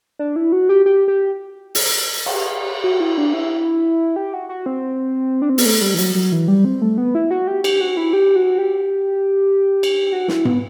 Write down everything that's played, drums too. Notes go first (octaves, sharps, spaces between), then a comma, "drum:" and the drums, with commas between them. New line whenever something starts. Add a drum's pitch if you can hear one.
D4
E4
F#4
G4
G4
G4
drum: open hi-hat
drum: cymbal
F#4
E4
D4
E4
G4
F#4
F#4
C4
D4
C4
B3, drum: open hi-hat
A3
G3
E3
F#3, drum: hi-hat
F#3
E3
G3
C4
A3
B3
E4
F#4
G4
G4, drum: cymbal
F#4
E4
G4
F#4
G4
drum: cymbal
F#4
E4, drum: snare
B3, drum: tom G#2